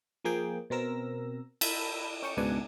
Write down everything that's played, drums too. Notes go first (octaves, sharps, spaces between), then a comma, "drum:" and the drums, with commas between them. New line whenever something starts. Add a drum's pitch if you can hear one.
F3 A#3 G#4 G5
B2 C4 A#4 E6 A#6
A5 B5 E6 G6 G#6 A#6, drum: cymbal
C#4 G5 C#6
C#2 G#2 B2 D4 F#5 G#5